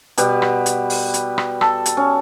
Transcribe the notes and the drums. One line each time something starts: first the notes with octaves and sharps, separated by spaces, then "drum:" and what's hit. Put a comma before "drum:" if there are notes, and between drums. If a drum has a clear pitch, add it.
B2 G3 B4, drum: hi-hat
drum: rim click
drum: hi-hat
drum: open hi-hat
drum: hi-hat
drum: rim click
A4, drum: rim click
drum: hi-hat
C#4